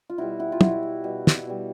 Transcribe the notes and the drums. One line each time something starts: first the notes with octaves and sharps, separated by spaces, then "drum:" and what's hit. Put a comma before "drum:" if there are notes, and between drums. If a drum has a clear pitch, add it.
F4
B2 G3 E4 F#4
E4 F#4
F4
B2 G3 E4 F#4, drum: tom
B2 G3
drum: snare
B2 G3